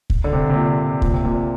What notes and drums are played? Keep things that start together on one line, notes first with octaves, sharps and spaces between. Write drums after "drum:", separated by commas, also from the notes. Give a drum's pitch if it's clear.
drum: kick
D3
C3
C3
A#2
A#2, drum: kick
C3
A#2